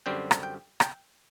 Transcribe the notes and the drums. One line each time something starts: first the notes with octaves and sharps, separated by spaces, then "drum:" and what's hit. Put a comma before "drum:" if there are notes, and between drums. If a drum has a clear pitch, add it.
F#2 D3 G3 C4 G5
drum: rim click
G5
G5, drum: rim click